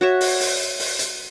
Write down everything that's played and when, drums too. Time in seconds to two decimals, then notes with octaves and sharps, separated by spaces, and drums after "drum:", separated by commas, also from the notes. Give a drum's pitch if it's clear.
0.01 F#4 C#5 E5
0.21 drum: open hi-hat
0.40 drum: open hi-hat
0.79 drum: open hi-hat
0.99 drum: hi-hat